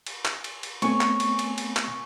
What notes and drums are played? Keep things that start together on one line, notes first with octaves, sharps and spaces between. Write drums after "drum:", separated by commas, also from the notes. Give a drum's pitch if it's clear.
drum: cymbal
drum: clap
drum: cymbal
drum: cymbal
A3 B3 C4 C#5 G#5 C#6, drum: cymbal
drum: clap
drum: cymbal
drum: cymbal
drum: cymbal
drum: clap